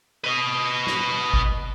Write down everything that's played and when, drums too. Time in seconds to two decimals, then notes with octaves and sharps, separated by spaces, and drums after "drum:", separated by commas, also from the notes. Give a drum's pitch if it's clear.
0.24 B4 D#5
0.87 drum: snare
1.34 drum: kick G#1